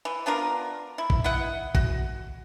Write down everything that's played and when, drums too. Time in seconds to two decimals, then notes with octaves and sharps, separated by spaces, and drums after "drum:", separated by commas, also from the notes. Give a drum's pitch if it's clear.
0.05 E3
0.26 B3 D4 F4 A#4
0.98 E4
1.10 drum: kick
1.24 E4 D#5 F#5
1.75 F#4, drum: kick